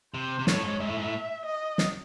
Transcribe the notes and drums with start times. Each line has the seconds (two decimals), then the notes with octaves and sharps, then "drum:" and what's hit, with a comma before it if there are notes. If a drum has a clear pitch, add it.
0.14 C3 C5
0.39 C3
0.47 A2 C#5, drum: snare
0.63 G#2
0.80 G#2 E5
0.89 A2
0.97 G#2
1.04 A2
1.46 D#5
1.78 drum: snare